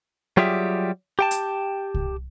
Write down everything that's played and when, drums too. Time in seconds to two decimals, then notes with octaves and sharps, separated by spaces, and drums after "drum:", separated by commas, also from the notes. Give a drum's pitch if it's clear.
0.37 F#3 G3 F4 G4 G#4 E5
1.19 G4 G5 A5
1.31 drum: hi-hat
1.94 drum: kick C2